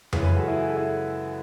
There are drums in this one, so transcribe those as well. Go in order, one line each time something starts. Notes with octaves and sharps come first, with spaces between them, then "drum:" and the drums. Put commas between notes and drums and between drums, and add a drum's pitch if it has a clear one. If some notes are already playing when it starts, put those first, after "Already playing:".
F#2 C#3 E3 G#3 G#4 B4, drum: tom F2
G#4 B4
F#4 A4
E4 G#4
G#4
A4
E4 G#4